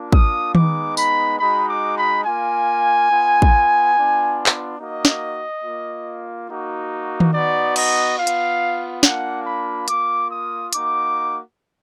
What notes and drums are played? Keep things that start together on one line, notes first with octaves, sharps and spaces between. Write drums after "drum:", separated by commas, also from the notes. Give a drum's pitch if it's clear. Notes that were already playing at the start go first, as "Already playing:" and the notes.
Already playing: A#3 D4 F4
D#6, drum: kick
G#3 B3 D#4 D6, drum: tom D#3
B5, drum: tambourine
G#3 D#4 F#4 B5
D6
B5
A#3 F4 G#5
B3 F4
drum: kick
B3 D4 F4
drum: clap
A#3 D#4 F#4 D#5
drum: snare
A#3 F4
A#3 D#4 F#4
drum: tom D#3
B3 D#4 F#4 D5
D#5, drum: cymbal
B3 F4 F5
drum: hi-hat
A#3 D4 F4 F#5, drum: snare
B5
A#3 F4 D6, drum: hi-hat
D#6
A#3 D#4 F#4 D6, drum: hi-hat